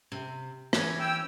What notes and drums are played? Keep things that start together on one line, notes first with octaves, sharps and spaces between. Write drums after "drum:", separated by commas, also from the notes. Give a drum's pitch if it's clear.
C3
E3 C#4, drum: rim click
G5 E6